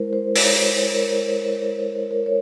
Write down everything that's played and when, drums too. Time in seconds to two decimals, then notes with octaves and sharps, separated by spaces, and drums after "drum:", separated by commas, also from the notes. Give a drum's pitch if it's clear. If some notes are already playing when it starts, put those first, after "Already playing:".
Already playing: G#3 E4 A#4 C5
0.13 C5
0.36 C#5, drum: open hi-hat
0.65 C5
0.94 A#4
2.11 A#4
2.26 C#5